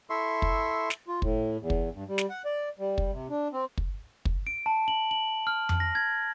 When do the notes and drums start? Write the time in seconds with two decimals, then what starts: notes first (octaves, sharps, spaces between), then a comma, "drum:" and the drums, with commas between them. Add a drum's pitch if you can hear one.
0.10 E4 A4 E5 C6 C#6
0.42 drum: kick
0.90 drum: snare
1.08 F4
1.22 A2, drum: kick
1.61 E2
1.70 drum: kick
1.93 G2
2.08 G3
2.18 drum: snare
2.30 F#5
2.45 D5
2.79 G3
2.98 drum: kick
3.12 C3
3.30 D4
3.53 C4
3.78 drum: kick
4.25 drum: kick
4.47 D7
4.66 A5
4.88 F#7
5.11 F#7
5.47 F6
5.69 drum: tom F2
5.80 A#6
5.95 G#6